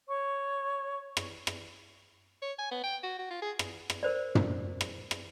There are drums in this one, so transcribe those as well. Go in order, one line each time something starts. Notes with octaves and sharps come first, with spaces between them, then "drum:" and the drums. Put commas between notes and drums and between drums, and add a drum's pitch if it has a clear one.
C#5 C#6
drum: rim click
drum: rim click
C#5
G#5
B3
G5
F#4
F#4
F4
G#4
drum: rim click
drum: rim click
A#4 C5 D5
drum: tom
drum: rim click
drum: rim click